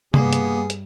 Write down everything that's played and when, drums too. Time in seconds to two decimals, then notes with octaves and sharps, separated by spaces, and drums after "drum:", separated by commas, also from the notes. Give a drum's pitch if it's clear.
0.14 G2 G3 A#3 B3 G#4, drum: tom C3
0.33 drum: hi-hat
0.70 drum: hi-hat